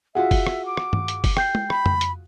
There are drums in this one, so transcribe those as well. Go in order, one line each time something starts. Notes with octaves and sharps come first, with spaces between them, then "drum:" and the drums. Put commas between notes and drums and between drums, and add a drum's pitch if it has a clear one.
F4 F#4 G#4 E5 F#5
drum: kick F#1, open hi-hat
drum: rim click
D6
drum: rim click
drum: tom G2
drum: hi-hat
drum: kick F#1, open hi-hat
G5 G6 C7, drum: rim click
drum: tom
B5, drum: rim click
drum: tom F2
drum: hi-hat